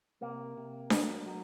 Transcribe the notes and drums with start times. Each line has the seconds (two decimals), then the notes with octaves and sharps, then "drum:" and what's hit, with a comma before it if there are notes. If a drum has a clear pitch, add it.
0.21 C3 A#3
0.57 C3
0.90 F#3, drum: snare D4
1.26 F#3